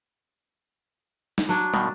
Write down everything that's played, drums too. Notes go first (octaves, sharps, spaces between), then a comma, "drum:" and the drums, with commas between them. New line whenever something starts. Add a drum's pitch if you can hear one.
drum: snare
F#3 D4
G2 B2 D#3, drum: tom